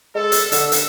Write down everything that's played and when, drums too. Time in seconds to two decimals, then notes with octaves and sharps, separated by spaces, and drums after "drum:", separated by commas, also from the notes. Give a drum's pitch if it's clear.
0.15 G#3 A4
0.32 drum: hi-hat
0.52 D3 E6, drum: hi-hat
0.72 drum: hi-hat